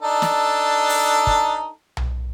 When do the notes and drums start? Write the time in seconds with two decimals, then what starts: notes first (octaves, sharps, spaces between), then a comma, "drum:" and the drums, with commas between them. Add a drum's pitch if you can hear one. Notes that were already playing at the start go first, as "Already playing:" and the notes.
0.01 D4 D#4 A4
0.22 drum: snare
0.89 drum: open hi-hat
1.27 drum: kick
1.97 drum: tom B1